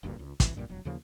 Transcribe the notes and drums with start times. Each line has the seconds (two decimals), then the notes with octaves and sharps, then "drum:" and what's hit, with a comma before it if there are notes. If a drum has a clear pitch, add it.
0.03 F#1 D2 G2 A#2
0.19 C#2
0.40 D1 G#1 E3, drum: kick, hi-hat
0.54 A#1 G2 A#2 G3
0.69 E1 F#3
0.85 D#2 C#3 F3 A#3